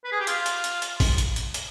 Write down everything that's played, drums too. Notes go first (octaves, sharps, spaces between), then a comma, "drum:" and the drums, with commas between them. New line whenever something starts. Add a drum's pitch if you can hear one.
B4
G#4
G4
F4, drum: hi-hat
drum: hi-hat
drum: hi-hat
drum: hi-hat
drum: kick A1, open hi-hat
drum: hi-hat
drum: hi-hat
drum: hi-hat